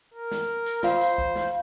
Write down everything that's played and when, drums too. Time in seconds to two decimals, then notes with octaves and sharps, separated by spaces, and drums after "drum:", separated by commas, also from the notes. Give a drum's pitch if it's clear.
0.14 A#4
0.32 drum: snare
0.66 drum: hi-hat
0.83 F4 C5 F5, drum: snare
1.01 drum: hi-hat
1.18 drum: kick
1.36 drum: snare